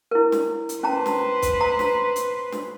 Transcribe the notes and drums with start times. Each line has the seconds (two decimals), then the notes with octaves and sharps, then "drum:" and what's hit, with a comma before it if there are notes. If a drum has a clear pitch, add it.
0.11 E4 A#4
0.32 drum: snare
0.69 drum: hi-hat
0.83 C#4 B4 C5 A5 A#5
1.06 drum: snare
1.42 drum: kick, hi-hat
1.61 A#5
1.79 drum: snare
2.16 drum: hi-hat
2.52 drum: snare